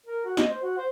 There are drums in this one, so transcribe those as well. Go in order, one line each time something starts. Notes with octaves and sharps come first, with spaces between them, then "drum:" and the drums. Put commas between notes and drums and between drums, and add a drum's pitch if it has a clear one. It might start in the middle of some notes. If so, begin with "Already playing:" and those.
A#4
F#4
D#5, drum: snare
C5
F#4
C5